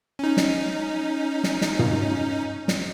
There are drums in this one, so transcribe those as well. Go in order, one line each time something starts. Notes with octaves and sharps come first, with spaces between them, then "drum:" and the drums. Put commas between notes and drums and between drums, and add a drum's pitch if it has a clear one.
C#4 D#4
drum: snare
drum: snare
drum: snare
drum: tom
drum: snare